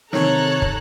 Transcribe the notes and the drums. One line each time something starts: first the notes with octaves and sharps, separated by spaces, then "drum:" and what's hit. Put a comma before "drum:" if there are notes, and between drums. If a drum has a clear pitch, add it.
C3 D#3 A4 C#5 A#5 F#6, drum: snare
drum: kick